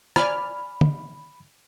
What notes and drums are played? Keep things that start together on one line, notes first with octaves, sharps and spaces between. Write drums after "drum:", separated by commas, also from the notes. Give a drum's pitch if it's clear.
D5 G#5 B5 F6, drum: rim click
drum: tom